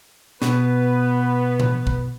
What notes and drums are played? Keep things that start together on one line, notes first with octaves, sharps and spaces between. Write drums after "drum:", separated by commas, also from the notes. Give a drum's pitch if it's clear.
B2 B3 B4, drum: snare
drum: tom A2
drum: kick